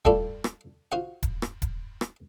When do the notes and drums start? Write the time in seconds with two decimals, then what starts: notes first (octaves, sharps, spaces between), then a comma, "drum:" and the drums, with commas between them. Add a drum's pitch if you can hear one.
0.05 G3 A3 E4 F4 A4 D5, drum: kick D#1
0.44 drum: rim click
0.92 F4 F#4 C5 F#5
1.23 drum: kick D#1, hi-hat
1.42 drum: rim click
1.62 drum: kick D#1, hi-hat
2.01 drum: rim click